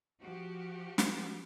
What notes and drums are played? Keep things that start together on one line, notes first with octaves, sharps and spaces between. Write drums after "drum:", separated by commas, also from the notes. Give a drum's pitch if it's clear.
F3 F#4 G4
drum: snare